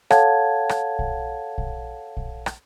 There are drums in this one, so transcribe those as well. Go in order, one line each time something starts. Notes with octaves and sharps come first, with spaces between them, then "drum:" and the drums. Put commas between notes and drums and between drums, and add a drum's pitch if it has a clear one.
A4 C#5 F5 F#5 A5 G#6, drum: rim click
drum: rim click
drum: kick A#1
drum: kick A#1
drum: kick A#1
drum: rim click